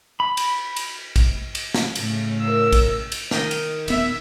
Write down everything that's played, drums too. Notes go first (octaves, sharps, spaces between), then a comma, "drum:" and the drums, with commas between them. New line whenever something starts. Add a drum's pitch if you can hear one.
B5
drum: cymbal
drum: cymbal
drum: kick, cymbal
drum: cymbal
drum: snare
A2 C#3, drum: cymbal
A#4 E6
drum: kick, cymbal
drum: cymbal
D#3 A#4 D#5, drum: snare
drum: cymbal
D#1 B3 E5, drum: cymbal